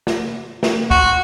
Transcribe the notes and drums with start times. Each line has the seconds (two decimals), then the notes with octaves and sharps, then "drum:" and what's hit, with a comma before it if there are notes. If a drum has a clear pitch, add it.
0.07 drum: snare
0.63 drum: snare
0.91 F#4, drum: kick